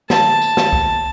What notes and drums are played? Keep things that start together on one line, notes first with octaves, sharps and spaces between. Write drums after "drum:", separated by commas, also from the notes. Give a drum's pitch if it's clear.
A5, drum: snare
drum: tambourine
drum: snare
drum: kick C2